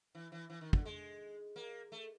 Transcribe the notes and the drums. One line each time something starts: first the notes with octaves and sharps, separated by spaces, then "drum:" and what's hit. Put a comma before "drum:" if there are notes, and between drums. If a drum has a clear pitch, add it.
E3
E3
E3
D#3
D3, drum: kick
G#3
A#3
A3